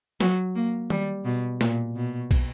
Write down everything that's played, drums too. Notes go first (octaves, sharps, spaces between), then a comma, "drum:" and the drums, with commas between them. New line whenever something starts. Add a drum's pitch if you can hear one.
F#3, drum: snare
A#3
G3, drum: tom D#3
B2
A#2, drum: snare
B2
drum: kick, cymbal